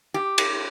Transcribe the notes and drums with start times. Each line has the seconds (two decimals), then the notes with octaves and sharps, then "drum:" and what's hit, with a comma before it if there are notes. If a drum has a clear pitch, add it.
0.14 G4
0.38 drum: cymbal